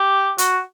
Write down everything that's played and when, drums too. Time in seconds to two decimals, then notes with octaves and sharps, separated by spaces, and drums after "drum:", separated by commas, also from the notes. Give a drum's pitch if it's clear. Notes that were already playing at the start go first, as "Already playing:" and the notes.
Already playing: G4
0.38 F#4, drum: hi-hat